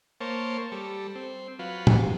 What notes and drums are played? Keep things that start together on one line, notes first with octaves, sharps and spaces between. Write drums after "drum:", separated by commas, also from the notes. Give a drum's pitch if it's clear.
A#3 C5 C#5 A5
G3 A4
C4
F#3 F4 B4
drum: tom A2